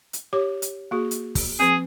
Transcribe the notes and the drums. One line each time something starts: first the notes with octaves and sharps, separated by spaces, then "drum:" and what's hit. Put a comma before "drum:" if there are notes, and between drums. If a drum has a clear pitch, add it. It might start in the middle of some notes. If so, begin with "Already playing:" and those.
drum: hi-hat
G4 C#5 D6
drum: hi-hat
A#3 F#4 G#4
drum: hi-hat
drum: kick, open hi-hat
F3 C4 G#4